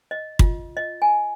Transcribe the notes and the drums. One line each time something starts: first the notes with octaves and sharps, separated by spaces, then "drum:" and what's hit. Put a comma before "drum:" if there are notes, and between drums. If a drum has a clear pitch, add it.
D#5
F4, drum: kick
D#5
G#5